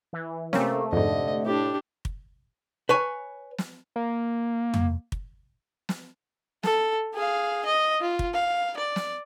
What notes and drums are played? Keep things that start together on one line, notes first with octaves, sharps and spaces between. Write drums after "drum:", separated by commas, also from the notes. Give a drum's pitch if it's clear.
E3
C3 A3 A#3 C4 C#4, drum: snare
F2 G#2 D3 D#5
A2 D4 G4
drum: kick
B4 C#5 G#5
drum: snare
A#3
drum: tom
drum: kick
drum: snare
A4, drum: snare
G#4 F5
D#5
F4
drum: kick
F5
D5
drum: snare